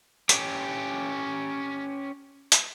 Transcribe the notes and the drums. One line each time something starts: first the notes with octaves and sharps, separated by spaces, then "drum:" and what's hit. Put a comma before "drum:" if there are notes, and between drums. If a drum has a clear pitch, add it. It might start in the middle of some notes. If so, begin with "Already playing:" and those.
C#4 G4, drum: hi-hat
drum: hi-hat